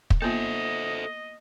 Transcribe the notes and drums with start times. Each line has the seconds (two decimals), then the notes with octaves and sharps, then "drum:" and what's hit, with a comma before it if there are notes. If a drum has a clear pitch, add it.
0.10 drum: kick
0.22 A#3 B3 F4 A4 C5 D#5 E5